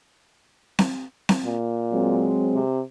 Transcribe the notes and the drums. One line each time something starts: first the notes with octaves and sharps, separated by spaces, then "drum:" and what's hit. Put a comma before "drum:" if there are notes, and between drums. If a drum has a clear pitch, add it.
drum: snare C4
drum: snare C4
A#2
F#3 G#3 C4
C3